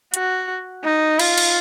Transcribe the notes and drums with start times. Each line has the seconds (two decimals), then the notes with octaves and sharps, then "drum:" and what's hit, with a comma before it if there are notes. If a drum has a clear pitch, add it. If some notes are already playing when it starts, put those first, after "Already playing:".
0.14 F#4, drum: hi-hat
0.84 D#4
1.19 F4, drum: cymbal
1.38 drum: cymbal